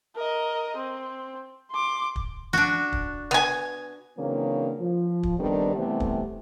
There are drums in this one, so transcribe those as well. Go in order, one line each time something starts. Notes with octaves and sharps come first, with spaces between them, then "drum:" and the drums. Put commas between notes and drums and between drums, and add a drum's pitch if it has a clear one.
A#4 D#5
C4
C6 D6
drum: kick
D4 F#4, drum: tom F3
drum: kick
B3 G#5, drum: snare
C#3 E3 F#3 A#3 C4 D4
F3
drum: kick
D#3 G3 B3 C4 D4 A4
C3 E3 G3 A3 B3 C4
drum: kick